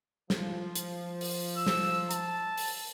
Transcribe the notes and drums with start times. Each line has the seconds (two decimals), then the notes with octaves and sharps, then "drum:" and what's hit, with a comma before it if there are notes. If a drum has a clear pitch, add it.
0.30 F3, drum: snare
0.75 drum: hi-hat
1.21 drum: open hi-hat
1.57 E6
1.66 drum: snare
2.11 A5, drum: hi-hat
2.58 drum: open hi-hat